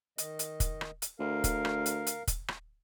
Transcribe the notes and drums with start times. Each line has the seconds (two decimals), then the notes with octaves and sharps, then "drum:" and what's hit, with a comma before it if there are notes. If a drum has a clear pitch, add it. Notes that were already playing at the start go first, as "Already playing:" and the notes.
0.18 D#3 D#5, drum: hi-hat
0.39 drum: hi-hat
0.60 drum: kick, hi-hat
0.81 drum: rim click
1.02 drum: hi-hat
1.20 D2 A#4 F5
1.44 drum: kick, hi-hat
1.65 drum: rim click
1.86 drum: hi-hat
2.07 drum: hi-hat
2.27 drum: kick, hi-hat
2.48 drum: rim click